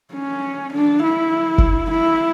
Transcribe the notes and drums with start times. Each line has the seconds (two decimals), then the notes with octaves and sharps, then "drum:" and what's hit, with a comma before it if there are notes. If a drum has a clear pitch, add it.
0.14 C#4
0.73 D4
1.03 E4
1.58 drum: kick F#1
1.91 E4